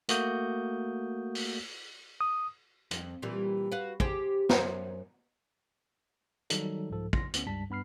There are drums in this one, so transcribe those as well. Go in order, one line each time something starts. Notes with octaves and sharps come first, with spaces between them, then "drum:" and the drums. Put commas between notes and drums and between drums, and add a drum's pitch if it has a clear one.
A3 A#3 F#4 D#6 G6, drum: hi-hat
drum: open hi-hat
D#6
F2, drum: hi-hat
A#2 E3 G3
F#4 B4 F5
G4 G#4 C5, drum: kick
F#2 C5 C#5, drum: snare
D#3 F#3 G3 D#4 A4, drum: hi-hat
C2 G#2 F3 A4
C6 A#6, drum: kick
D2 B3 C#4, drum: hi-hat
C#2 G2 G3 A5 B6
G2 B3 B5 F6 C7